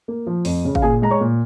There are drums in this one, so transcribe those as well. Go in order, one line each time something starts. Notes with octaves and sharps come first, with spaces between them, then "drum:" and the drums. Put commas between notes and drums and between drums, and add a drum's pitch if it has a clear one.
A#3
F3
F2, drum: open hi-hat
C#3
F5, drum: kick
A#2 G#4 G#5
G#3 A#5
C#5 C#6
A#2